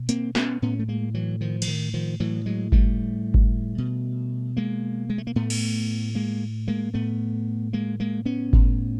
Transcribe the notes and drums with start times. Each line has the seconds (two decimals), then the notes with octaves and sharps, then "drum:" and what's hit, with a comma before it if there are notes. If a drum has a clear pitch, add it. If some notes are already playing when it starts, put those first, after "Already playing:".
Already playing: B2
0.09 A#3 C4, drum: hi-hat
0.35 B3 C#4, drum: snare
0.62 A2 B3 C#4
0.79 A3
0.88 G#3 A#3
1.14 E3 F#3
1.41 D#3 F3
1.62 E3, drum: cymbal
1.68 D#3
1.94 D#3 F3
2.20 A2 E3 F#3
2.46 F#3 G#3
2.72 G3 A3, drum: kick G1
3.34 drum: kick G1
3.78 B2
4.57 G#3 A#3
5.10 G#3
5.18 A3
5.27 A#3
5.36 A2 A3 B3
5.50 drum: cymbal
6.15 G#3 A#3
6.68 G#3 A#3
6.94 A2 A3 B3
7.73 G#3 A#3
8.00 G#3 A#3
8.26 B3 C#4
8.53 A2, drum: kick G1